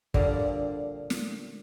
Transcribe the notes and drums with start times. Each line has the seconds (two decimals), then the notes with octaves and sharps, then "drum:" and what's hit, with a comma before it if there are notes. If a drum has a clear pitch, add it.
0.14 A#2 D3 F3 G3, drum: kick
1.10 drum: snare